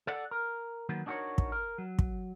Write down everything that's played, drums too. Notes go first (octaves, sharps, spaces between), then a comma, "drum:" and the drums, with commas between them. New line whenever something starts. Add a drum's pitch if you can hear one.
A4 D5 F#5
A#4
D#3 F#3 A#3 B3
D4 D#4 F#4 G#4 A#4 C#5
drum: kick
A#4
F#3
drum: kick